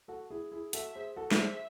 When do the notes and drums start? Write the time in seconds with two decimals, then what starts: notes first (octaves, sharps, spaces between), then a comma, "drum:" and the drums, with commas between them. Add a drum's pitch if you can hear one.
0.08 F#4 A4
0.30 E4 G#4
0.52 E4 G#4
0.73 F#4 A4 E5, drum: hi-hat
0.95 G#4 C5
1.16 F#4 A4
1.31 E5, drum: snare
1.38 G#4 C5